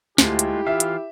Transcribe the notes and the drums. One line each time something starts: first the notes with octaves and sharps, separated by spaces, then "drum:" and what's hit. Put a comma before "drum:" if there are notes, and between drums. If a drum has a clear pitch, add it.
D2 G#3 A3 E4 F4 G4, drum: snare
drum: hi-hat
E3 F4 E5 F5
drum: hi-hat